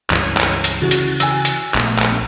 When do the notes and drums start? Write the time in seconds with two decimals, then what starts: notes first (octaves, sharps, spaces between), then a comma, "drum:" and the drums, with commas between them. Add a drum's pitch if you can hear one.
0.10 C#2 G2 E3 C#5 G#5, drum: clap
0.37 drum: clap
0.64 drum: hi-hat
0.82 C#3 E3 F#4 F#6 A6
0.91 drum: hi-hat
1.20 G#5 E6, drum: hi-hat
1.45 drum: hi-hat
1.74 A#1 A3 B3 D4, drum: clap
1.99 drum: clap